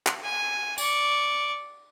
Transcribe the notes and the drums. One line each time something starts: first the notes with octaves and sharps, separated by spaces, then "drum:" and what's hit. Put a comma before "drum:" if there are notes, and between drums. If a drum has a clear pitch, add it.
drum: clap
G#5
D5 C#6, drum: tambourine